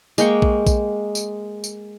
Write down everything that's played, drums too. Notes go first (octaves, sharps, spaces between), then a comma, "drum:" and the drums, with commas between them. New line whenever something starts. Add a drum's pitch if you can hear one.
G#3 A#3 G5 C#6, drum: tambourine
drum: kick A#1
drum: kick A#1, tambourine
drum: tambourine
drum: tambourine